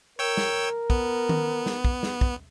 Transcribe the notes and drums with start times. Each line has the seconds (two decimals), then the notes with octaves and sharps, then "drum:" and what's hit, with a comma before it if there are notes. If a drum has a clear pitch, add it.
0.19 A#4 C#5 G5 E6
0.37 drum: snare
0.90 B3, drum: kick
1.29 drum: tom D#3
1.66 drum: snare
1.85 drum: kick
2.03 drum: snare
2.21 drum: kick